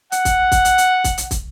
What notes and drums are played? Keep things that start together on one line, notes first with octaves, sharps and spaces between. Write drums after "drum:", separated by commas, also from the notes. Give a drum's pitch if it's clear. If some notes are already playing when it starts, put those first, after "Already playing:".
F#5, drum: hi-hat
drum: kick, hi-hat
drum: kick, hi-hat
drum: hi-hat
drum: hi-hat
drum: kick, hi-hat
drum: hi-hat
drum: kick, hi-hat